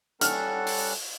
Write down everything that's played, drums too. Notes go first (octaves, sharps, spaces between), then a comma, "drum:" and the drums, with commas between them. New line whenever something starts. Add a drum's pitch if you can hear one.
G3 C#4 A4 F#5 F6, drum: hi-hat
drum: open hi-hat